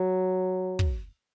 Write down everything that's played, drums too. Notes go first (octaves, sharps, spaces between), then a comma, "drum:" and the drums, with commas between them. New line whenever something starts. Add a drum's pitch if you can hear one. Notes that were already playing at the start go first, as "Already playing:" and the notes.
Already playing: F#3
drum: kick